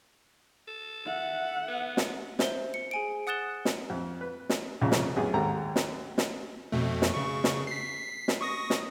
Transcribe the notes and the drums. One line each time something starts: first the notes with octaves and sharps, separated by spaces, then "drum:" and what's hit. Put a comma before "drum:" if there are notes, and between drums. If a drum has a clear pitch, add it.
A4
E5 F#5
B3
drum: snare
C5 E5 G7, drum: snare
C#7
G#4 G#5 D7
F#5 D#6 F#6 A6 E7 G7
drum: snare
F2
B4
drum: snare
C2 F2 A#2 C#3
drum: snare
A1 F#2 B3 G#4
D#2 G#2 A4 A#5
drum: snare
drum: snare
F2 B2 A3
drum: snare
C#3 C#6
drum: snare
B6 C7
drum: snare
C#6 D#6 A#6
drum: snare